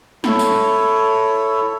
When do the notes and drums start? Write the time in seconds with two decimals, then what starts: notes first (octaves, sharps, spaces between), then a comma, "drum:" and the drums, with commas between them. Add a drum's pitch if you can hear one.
0.24 E4 A4 C#5, drum: snare
0.39 drum: tambourine